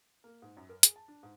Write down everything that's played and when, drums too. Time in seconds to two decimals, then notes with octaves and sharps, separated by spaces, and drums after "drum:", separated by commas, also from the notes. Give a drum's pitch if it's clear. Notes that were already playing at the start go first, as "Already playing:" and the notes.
0.24 A#3
0.42 G#2
0.57 F#2
0.69 A#4
0.83 G#4, drum: hi-hat
0.96 A5
1.08 D4
1.23 G#2